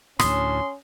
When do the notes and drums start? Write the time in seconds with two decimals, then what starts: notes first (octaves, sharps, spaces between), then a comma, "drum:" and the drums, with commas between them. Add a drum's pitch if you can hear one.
0.19 D2 A2 C#4 C6 D#6, drum: rim click